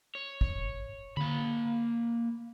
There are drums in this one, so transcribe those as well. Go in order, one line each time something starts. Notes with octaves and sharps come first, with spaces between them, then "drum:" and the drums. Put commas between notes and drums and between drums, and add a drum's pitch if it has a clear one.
C#5
drum: kick
A#3 B5, drum: tom D3